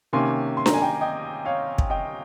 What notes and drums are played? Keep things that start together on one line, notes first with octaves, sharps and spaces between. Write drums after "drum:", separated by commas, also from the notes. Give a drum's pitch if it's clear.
C3 D#3 A#3 C#4 G#5 C6
C6
A#5, drum: snare D4
G#5
G5 A#5
D#5 G5
C#5 F5
drum: kick
D#5 G5